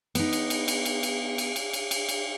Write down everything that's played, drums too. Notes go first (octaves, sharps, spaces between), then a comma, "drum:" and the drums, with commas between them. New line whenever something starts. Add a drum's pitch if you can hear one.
B3 D#4, drum: cymbal
drum: cymbal
drum: cymbal
drum: cymbal
drum: cymbal
drum: cymbal
drum: cymbal
drum: cymbal
drum: cymbal
drum: cymbal
drum: cymbal